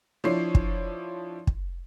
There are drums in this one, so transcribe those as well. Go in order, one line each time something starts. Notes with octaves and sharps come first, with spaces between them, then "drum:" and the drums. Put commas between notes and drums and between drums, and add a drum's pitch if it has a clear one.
F3 D4 E4 C#5 C7
drum: kick
drum: kick